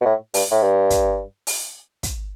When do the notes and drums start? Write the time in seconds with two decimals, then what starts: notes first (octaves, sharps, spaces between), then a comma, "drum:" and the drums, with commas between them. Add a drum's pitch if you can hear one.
0.01 B2
0.05 A2
0.34 G2, drum: open hi-hat
0.51 A2
0.63 G2
0.90 drum: kick, hi-hat
1.47 drum: open hi-hat
2.03 drum: kick, hi-hat